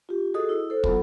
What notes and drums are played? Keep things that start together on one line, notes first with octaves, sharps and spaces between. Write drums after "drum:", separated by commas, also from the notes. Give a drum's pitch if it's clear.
F4 G4
F#4 G#4 A4 D#5 D#6
E4
A4 C5
F#3 B3 F4 A4, drum: kick